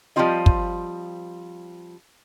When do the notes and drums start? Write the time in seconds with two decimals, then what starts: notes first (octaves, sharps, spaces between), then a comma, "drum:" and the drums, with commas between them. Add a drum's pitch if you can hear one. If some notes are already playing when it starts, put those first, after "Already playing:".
0.16 F3 G3 G#3 C4 F4 D#5
0.46 drum: kick